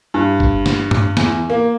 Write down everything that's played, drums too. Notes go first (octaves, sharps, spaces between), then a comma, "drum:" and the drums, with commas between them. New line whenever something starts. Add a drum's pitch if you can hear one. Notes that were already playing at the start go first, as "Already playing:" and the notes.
G2
drum: kick G1
drum: snare
drum: tom G2
E2, drum: snare
A#3